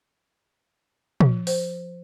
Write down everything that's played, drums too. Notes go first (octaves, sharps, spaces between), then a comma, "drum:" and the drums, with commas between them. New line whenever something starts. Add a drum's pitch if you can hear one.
F3, drum: tom A#2
C5, drum: open hi-hat